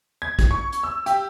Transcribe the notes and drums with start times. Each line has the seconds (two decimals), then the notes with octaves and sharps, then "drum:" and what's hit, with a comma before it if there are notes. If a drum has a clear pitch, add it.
0.22 G#6
0.39 drum: kick, hi-hat
0.51 C#6
0.72 drum: hi-hat
0.84 E6
1.06 G4, drum: hi-hat